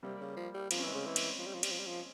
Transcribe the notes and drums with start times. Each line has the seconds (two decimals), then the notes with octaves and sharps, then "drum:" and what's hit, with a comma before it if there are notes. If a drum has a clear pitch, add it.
0.03 C3 G3 A#3
0.20 C#3
0.37 F3
0.54 G3
0.71 F3 C4, drum: cymbal
0.78 C#4
0.83 E3 G#3 C4
0.94 C#3
1.07 E3
1.16 drum: cymbal
1.38 F3
1.46 G3
1.55 F3
1.63 G3, drum: cymbal
1.71 F3
1.79 G3
1.87 F3